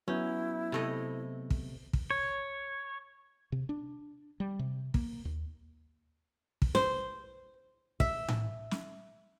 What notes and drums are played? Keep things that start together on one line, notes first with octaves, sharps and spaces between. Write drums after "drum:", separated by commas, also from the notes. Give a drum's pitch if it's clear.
F#3 B3 C#4 E4 G6
C3 A3 D#5
drum: kick
drum: kick
C#5
C3
D4
G3
C3
A#3, drum: kick
D#2
drum: kick
C5, drum: snare
E5, drum: kick
drum: tom A2
drum: snare